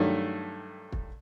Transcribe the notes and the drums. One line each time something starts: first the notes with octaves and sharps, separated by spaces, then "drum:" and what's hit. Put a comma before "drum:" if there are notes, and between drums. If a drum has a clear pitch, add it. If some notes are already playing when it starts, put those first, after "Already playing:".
Already playing: G2 D#3 F#3 A3
drum: kick